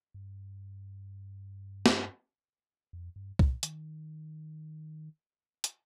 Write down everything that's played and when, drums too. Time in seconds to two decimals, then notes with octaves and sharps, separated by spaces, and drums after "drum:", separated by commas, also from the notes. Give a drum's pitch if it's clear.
0.14 G2
1.86 drum: snare
2.93 F2
3.16 G2
3.39 A#2, drum: kick C2
3.63 D#3, drum: hi-hat
5.64 drum: hi-hat